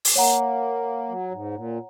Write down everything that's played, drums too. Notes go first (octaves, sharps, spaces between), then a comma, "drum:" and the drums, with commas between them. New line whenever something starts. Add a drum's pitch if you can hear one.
drum: open hi-hat
A#3 C#5 F#5 A#5
F#3
G#2
A#2